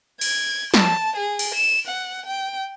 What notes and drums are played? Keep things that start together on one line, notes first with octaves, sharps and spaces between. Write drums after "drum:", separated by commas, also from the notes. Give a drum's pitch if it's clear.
G#6, drum: cymbal
A5, drum: snare
G#4
drum: cymbal
E7
F#5
G5